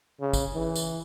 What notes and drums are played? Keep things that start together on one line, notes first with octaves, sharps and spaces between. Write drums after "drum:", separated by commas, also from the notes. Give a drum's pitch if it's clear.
C#3
drum: kick, tambourine
E3
drum: tambourine